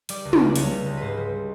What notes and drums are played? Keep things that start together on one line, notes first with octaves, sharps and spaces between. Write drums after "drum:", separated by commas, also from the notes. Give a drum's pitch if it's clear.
G3 D5, drum: hi-hat
C#2
D5, drum: tom
C#3
D5
C#2 C#5, drum: hi-hat
G3
C#2
G#2 B4 C5
G3